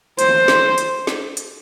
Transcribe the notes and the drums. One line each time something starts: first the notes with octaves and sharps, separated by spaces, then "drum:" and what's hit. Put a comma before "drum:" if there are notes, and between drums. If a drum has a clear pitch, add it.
C5, drum: hi-hat
drum: snare
drum: hi-hat
drum: snare
drum: hi-hat